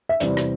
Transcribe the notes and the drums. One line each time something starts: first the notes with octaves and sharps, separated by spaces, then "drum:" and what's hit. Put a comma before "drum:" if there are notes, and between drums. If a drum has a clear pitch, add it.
E5
E2 C3 G3 C4 E4 D5, drum: hi-hat
drum: rim click